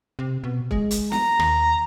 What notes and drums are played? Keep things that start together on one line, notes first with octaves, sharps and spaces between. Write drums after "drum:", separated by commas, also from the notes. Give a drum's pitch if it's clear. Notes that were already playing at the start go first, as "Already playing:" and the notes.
C3
B2
G#3, drum: kick
drum: hi-hat
A#5, drum: snare
D#2, drum: rim click